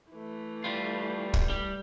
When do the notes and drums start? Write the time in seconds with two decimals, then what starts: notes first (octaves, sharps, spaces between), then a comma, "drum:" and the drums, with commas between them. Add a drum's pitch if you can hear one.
0.12 E3 A3
0.64 G3 F4
1.34 drum: kick
1.50 G3